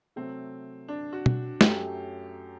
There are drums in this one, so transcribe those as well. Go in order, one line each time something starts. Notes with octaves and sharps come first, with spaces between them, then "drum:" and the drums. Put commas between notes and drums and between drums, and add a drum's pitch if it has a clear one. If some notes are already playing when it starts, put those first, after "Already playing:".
C3 F#3 A3 C4
D4
F#4
drum: tom B2
F#2 F#3 A3 G4, drum: snare